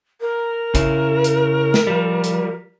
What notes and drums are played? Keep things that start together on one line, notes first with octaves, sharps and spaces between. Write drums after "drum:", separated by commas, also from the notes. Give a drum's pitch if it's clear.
A#4
C#3 E4, drum: kick, hi-hat
drum: hi-hat
drum: snare
F3 G3
drum: hi-hat